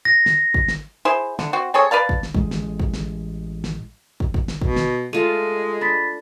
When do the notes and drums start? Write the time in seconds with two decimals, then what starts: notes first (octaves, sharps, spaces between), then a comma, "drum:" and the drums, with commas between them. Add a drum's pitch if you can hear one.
0.05 A#6
0.26 drum: snare
0.54 drum: kick
0.68 drum: snare
1.05 E4 G#4 C5
1.39 D3, drum: snare
1.53 C4 F#4
1.74 C4 G#4 A4 C#5
1.91 B4 D5 F5 A5
2.09 drum: kick
2.23 drum: snare
2.34 A1 G#3, drum: kick
2.51 drum: snare
2.80 drum: kick
2.94 drum: snare
3.64 drum: snare
4.20 drum: kick
4.34 drum: kick
4.48 drum: snare
4.61 B2, drum: kick
4.76 drum: snare
5.13 G#3 A3 F4 A4 D#7
5.81 D4 B5 A6 B6